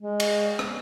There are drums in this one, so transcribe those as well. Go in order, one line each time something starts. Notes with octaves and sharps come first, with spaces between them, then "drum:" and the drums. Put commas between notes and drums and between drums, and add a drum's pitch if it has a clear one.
G#3
drum: cymbal
drum: rim click